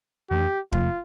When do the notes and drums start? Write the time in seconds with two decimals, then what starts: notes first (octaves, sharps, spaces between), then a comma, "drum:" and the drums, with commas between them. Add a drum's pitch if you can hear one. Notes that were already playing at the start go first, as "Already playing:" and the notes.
0.30 F2 E3 A3 D4 G4
0.72 E2 C3 F3 A3 F4, drum: kick